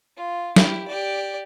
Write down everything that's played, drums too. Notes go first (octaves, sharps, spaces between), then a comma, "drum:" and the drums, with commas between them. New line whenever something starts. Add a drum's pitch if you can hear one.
F4
E4 G4, drum: snare
G4 D5